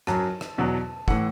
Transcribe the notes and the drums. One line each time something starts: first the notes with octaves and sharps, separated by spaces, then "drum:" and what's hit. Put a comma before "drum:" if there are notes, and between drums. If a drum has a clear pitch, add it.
F#2 F#3 A5, drum: rim click
drum: rim click
E2 B2 F#3
A2 E3 F#5, drum: kick F#1